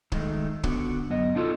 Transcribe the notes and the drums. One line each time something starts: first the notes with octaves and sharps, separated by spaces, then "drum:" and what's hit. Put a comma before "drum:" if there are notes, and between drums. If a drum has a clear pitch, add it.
D#3 G#3 A3, drum: kick
D3 B3 F#4, drum: kick
F#2 B3 D#5
D4 D#4 F4 F#4 A4